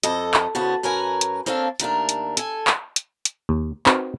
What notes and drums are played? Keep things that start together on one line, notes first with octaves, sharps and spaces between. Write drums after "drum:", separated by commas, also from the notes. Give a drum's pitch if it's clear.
F2 A4 D#5, drum: hi-hat
drum: clap
E2 C#3 B3 F#4 C5 A5
F#2 C#4 A#4 B4 G#5 A#5
drum: hi-hat
A#3 C4 D4 A4 C#5 F5
D#2 A3 D4 A#4, drum: hi-hat
drum: hi-hat
A4 G#5, drum: hi-hat
drum: clap
drum: hi-hat
drum: hi-hat
D#2
C4 D#4 F#4 A#4 B4, drum: clap